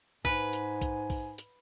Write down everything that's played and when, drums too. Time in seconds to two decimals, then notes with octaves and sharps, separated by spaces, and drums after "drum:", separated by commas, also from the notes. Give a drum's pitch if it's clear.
0.25 G#2 B4 G#5, drum: kick A#1
0.53 drum: hi-hat
0.81 drum: kick A#1, hi-hat
1.10 drum: kick A#1, open hi-hat
1.38 drum: hi-hat